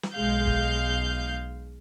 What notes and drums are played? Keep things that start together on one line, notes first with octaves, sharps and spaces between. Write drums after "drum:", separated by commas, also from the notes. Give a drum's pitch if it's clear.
drum: snare
B1 G#3 F5 G6
drum: kick G1